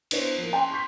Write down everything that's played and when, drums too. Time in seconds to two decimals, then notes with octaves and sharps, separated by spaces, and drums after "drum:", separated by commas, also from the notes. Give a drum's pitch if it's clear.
0.11 B3 D4 E4 C5 C#5, drum: cymbal
0.38 F3 A#3
0.52 C#4 G5 A5 C6
0.71 C6 C#6 G6 B6